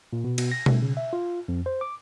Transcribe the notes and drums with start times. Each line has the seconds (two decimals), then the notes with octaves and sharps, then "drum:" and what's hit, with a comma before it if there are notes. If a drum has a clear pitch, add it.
0.13 A#2
0.24 B2
0.38 B2, drum: cymbal
0.51 A#6
0.66 A3, drum: tom B2
0.82 C#3
0.97 E5
1.13 F4
1.48 F2
1.66 C5
1.81 D6